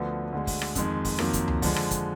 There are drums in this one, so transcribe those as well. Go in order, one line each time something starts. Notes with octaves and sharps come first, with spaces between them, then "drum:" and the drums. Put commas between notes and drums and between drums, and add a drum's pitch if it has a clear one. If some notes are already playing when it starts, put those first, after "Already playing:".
Already playing: D2 D3 F3 B3
D2 D3 G#3
drum: kick, open hi-hat
drum: rim click
F2 D#3 G#3, drum: kick, hi-hat
drum: kick, open hi-hat
F2 D#3 F#3 A#3, drum: rim click
drum: kick, hi-hat
drum: tom C#2
D3 F3 G#3, drum: kick, open hi-hat
drum: rim click
drum: kick, hi-hat